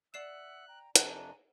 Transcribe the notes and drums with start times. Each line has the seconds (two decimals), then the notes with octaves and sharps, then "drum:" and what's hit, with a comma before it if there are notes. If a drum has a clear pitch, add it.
0.14 D5 E5 F#5 E6 F#6 C7 E7
0.68 G5 A#5
0.96 F2 C3 D4 G#5 A#5 F#6 G6, drum: hi-hat